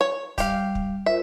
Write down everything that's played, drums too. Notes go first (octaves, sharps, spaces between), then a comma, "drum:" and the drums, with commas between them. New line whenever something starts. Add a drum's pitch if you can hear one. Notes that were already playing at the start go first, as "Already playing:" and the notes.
C#5
G3 G4 F5, drum: kick, hi-hat
drum: kick
F4 A#4 C5 E5